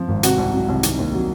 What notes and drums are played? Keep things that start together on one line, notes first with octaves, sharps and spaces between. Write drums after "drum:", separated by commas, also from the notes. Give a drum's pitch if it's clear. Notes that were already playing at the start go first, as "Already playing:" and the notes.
Already playing: F3
G#1
C3 F#4, drum: hi-hat
C2
F#3
C2
D#3, drum: hi-hat
D#2
F#3